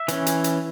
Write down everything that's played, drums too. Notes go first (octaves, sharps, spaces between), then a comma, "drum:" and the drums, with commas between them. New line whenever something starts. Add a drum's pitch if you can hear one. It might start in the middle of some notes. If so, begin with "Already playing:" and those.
Already playing: E5
E3 C#4, drum: hi-hat
drum: hi-hat
drum: hi-hat